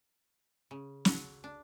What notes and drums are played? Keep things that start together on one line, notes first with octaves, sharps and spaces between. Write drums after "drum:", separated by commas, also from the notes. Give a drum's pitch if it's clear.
C#3
F#4, drum: snare
D4